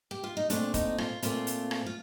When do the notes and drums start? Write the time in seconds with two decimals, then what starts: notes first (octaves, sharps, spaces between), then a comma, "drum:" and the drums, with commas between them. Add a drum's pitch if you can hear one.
0.11 G4
0.24 F4
0.37 D#4
0.50 A#2 A3 C4 D4, drum: hi-hat
0.74 D#4, drum: kick, hi-hat
0.98 F4, drum: rim click
1.22 A#2 A3 C4 F4, drum: hi-hat
1.47 drum: hi-hat
1.71 drum: rim click
1.86 F4